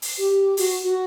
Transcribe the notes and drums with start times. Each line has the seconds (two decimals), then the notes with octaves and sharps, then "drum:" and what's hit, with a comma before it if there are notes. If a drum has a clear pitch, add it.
0.02 drum: open hi-hat
0.18 G4
0.57 F#4, drum: open hi-hat
0.83 F#4